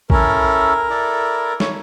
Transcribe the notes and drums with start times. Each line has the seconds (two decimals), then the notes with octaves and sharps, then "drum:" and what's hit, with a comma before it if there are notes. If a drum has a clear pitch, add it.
0.10 C#4 E4 A4 A#4, drum: kick
0.89 E4 A4 D5
1.60 C#5, drum: snare